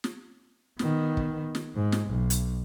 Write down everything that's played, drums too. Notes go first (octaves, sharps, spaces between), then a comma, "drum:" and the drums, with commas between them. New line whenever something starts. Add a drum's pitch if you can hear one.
drum: snare
D#3 B3, drum: snare
drum: kick
drum: snare
G#2
drum: snare
B1
drum: hi-hat